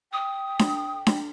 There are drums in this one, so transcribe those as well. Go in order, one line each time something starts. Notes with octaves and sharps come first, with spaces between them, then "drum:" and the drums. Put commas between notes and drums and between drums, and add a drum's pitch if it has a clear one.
G5 D#6
drum: snare D4
drum: snare D4